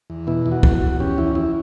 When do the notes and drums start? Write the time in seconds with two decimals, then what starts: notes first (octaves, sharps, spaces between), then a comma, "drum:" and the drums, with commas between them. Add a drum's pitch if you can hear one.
0.10 E2
0.27 B2 E4
0.46 E2
0.52 F#4
0.63 E2, drum: kick C#2
0.76 F#4
0.82 E2
1.00 C#4 G4
1.18 E2 E4
1.35 E2 E4